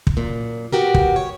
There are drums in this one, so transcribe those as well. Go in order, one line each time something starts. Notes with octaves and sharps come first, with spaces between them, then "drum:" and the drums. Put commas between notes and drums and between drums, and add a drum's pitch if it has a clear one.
drum: kick
F#2 A#2
B3 F#4 G4 A#4
drum: kick
C#5